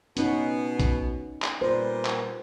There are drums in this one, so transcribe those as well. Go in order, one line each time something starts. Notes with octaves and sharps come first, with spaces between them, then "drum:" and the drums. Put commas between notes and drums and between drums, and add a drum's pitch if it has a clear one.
B2 B3 C#4 D#4, drum: hi-hat
drum: kick, hi-hat
drum: clap
A#2 G3 B4 C5
drum: clap